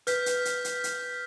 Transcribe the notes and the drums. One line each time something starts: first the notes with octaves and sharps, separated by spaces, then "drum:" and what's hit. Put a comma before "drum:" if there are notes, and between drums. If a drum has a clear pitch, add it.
B4 F6 G6 B6, drum: hi-hat
drum: hi-hat
drum: hi-hat
drum: hi-hat
drum: hi-hat